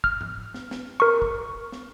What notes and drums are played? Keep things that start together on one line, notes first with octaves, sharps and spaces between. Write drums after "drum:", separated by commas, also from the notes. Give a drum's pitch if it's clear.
F6, drum: kick
drum: tom G#2
drum: snare
drum: snare
A#4 C#6
drum: kick
drum: snare